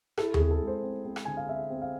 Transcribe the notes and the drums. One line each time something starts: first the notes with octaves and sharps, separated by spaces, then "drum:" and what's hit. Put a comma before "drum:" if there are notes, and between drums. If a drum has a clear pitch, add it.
E4 A4, drum: rim click
G#4, drum: tom D#2
C4
A4
G#3
C5
C4
C4
drum: rim click
D3 G#5
F5
C4 E5
C4
F5